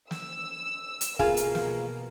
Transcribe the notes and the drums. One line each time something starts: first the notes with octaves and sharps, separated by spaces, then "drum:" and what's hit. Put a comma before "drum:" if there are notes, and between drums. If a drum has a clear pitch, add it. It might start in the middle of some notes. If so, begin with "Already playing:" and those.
E6, drum: snare
drum: hi-hat
B2 A#3 F4 G#4 F5, drum: kick
drum: hi-hat
drum: snare